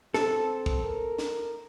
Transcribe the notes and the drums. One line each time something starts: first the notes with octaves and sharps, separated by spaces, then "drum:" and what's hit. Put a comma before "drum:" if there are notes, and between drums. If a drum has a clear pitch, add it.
C4 A4, drum: snare
drum: kick
A#4
drum: snare